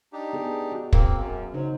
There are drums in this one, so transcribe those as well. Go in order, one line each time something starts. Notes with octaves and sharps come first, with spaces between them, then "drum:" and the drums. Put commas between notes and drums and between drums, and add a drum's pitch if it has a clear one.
D4 D#4 G4
B3 G#4 A4
F#4
A#3 C4 A#4, drum: kick
F#2
C#3 F#3 D#4 C5